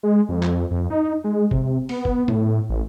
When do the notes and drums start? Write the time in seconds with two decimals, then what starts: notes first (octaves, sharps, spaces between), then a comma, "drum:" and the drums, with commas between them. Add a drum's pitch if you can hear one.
0.03 G#3
0.29 F2
0.43 drum: clap
0.71 F2
0.90 D#4
1.24 G#3
1.51 C3, drum: kick
1.89 B3, drum: open hi-hat
2.05 drum: kick
2.28 A2, drum: tom A2
2.69 A1